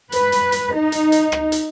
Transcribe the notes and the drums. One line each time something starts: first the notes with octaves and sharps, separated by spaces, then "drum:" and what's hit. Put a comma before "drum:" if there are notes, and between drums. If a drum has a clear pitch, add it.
B4, drum: hi-hat
drum: hi-hat
drum: hi-hat
D#4
drum: hi-hat
drum: hi-hat
drum: rim click
drum: hi-hat